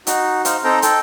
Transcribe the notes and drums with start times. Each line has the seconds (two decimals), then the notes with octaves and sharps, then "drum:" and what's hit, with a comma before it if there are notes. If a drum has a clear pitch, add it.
0.07 D#4 F#4, drum: hi-hat
0.45 D#4 C5 F5, drum: hi-hat
0.64 C4 D#4 A4 C5 G5 A#5
0.82 A4 G5, drum: hi-hat